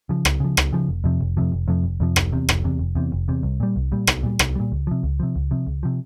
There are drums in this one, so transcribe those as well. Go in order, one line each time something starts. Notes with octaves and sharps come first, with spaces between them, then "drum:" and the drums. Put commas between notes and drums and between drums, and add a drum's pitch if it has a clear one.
C#3 F3
C#2, drum: rim click
C#3 F3
C#2, drum: rim click
C#3 F3
F1
F2 C3 F3
F1
F2 C3 F3
F1
F2 C3 F3
F1
F2 C3 F3
F1, drum: rim click
E2 C3
F1, drum: rim click
E2 C3
F1
E2 C3
F1
E2 C3
C2
A#2 G3
C2
A#2 G3
C2, drum: rim click
A#2 G3
C2, drum: rim click
A#2 G3
C#2
C3 F3
C#2
C3 F3
C#2
C3 F3
C#2
C3 F3